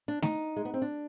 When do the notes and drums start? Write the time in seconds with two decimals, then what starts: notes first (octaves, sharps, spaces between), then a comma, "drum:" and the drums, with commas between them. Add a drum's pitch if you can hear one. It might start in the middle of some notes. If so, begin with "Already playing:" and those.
0.08 D4
0.22 D#4, drum: snare A3
0.56 G#3
0.65 B3
0.74 C4
0.82 D4